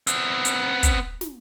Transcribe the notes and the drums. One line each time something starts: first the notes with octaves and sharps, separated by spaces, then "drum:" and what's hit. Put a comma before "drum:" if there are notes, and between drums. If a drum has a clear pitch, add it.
B3 C4, drum: hi-hat
drum: hi-hat
drum: kick, hi-hat
drum: snare